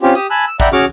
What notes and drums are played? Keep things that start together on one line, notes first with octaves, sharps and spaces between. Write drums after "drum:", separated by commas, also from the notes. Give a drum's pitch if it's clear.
C4 C#4 F4 G4
G4 D#6, drum: hi-hat
G#5 A5 B5 E6 F#6
E6
D5 E5 F#5 G5 A#5 B5, drum: kick A1, hi-hat
C#4 F#4 G#4 C#6 D6 F6